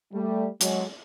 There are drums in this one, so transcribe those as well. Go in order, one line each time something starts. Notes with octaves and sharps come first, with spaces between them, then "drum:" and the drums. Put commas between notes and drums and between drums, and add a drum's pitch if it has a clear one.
G3 A3
F#3 G#3, drum: hi-hat